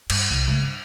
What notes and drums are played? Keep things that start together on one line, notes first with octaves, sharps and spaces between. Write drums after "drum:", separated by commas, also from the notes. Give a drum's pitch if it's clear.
G2, drum: cymbal
C2
C#3 A3
G2